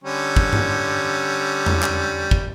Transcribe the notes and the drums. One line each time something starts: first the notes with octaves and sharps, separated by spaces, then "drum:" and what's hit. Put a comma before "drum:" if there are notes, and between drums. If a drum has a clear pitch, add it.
D3 G3 C#4
drum: kick
drum: tom G2
drum: tom E2
drum: clap
drum: kick